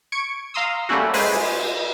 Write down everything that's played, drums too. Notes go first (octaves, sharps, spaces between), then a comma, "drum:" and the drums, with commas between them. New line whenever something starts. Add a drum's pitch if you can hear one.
C#6 G#6 C#7 D7
F5 A#5 C6 D#6 E6
G3 A3 A#3 C#4 E4 F#4
G#3 G#4 B4 C5, drum: open hi-hat
drum: cymbal